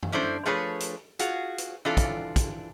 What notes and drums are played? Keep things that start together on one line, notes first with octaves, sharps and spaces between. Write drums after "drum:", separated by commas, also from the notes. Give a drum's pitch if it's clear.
drum: tom F#2
C#4 D4 E4 A4 C5
F3 A3 D4 G#4 B4 C#5
drum: hi-hat
F4 F#4 G#4, drum: hi-hat
drum: hi-hat
E3 C4 D4 F4 A4
drum: kick, hi-hat
drum: kick, hi-hat